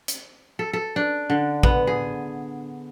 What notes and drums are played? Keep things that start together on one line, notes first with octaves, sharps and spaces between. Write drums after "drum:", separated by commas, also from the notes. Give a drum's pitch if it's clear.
drum: hi-hat
A4
A4
D4
D3
B3, drum: kick
G#4